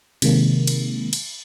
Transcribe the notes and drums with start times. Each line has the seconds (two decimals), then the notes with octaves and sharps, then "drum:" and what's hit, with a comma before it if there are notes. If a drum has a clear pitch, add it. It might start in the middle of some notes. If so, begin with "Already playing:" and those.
0.22 C3 D#3 G#3 A#3, drum: cymbal
0.67 drum: cymbal
1.13 drum: cymbal